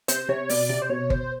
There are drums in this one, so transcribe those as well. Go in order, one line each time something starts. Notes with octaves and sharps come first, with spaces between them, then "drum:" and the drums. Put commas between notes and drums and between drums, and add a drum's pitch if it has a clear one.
C3 C5, drum: hi-hat
C3 C#5
B2 D5, drum: open hi-hat
C3 D5
C5
B2 C#5
C5, drum: kick G1